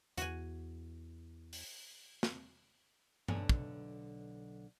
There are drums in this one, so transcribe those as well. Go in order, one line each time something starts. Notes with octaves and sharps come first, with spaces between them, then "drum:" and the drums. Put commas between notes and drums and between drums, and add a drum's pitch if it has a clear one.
E2 F#4 G#5, drum: hi-hat
drum: open hi-hat
drum: snare
B1 D3 C#5 G#5, drum: tom G2
drum: kick